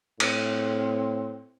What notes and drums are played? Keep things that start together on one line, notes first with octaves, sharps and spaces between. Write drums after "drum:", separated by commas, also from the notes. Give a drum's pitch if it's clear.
A2 C4, drum: cymbal